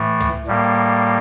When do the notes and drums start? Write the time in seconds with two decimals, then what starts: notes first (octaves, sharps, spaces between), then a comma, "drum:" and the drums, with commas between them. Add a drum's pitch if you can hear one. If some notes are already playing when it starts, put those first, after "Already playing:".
Already playing: A2 E3 A3
0.20 drum: tom C#2
0.46 A2 G3 A#3